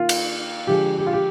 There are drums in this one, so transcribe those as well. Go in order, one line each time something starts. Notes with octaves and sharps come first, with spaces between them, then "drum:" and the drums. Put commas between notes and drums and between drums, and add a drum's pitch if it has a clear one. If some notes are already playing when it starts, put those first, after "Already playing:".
Already playing: D#3 A#3 F4
drum: cymbal
D3 F3 G#3 G4
G4
F4
G4